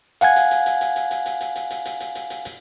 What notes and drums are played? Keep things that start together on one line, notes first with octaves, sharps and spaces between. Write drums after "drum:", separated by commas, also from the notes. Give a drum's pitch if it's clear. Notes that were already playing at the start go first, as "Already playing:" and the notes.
F5 F#5 G#5 G#6, drum: hi-hat
drum: hi-hat
drum: hi-hat
drum: hi-hat
drum: hi-hat
drum: hi-hat
drum: hi-hat
drum: hi-hat
drum: hi-hat
drum: hi-hat
drum: hi-hat
drum: hi-hat
drum: hi-hat
drum: hi-hat
drum: hi-hat
drum: hi-hat